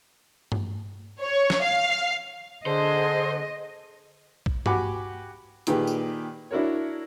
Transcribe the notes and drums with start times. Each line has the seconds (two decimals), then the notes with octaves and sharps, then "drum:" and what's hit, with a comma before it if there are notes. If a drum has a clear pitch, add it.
0.52 drum: tom G2
1.21 C#5
1.50 drum: snare
1.64 F5
2.66 D3 G#4 C5 D#5
4.46 drum: kick A#1
4.66 F#4 G4 F#5 G#5 B5 D6, drum: tom G2
5.67 A#2 D#3 G4 G#4 B4, drum: hi-hat
5.87 drum: tambourine
6.51 D4 E4 F#4 A#4 C#5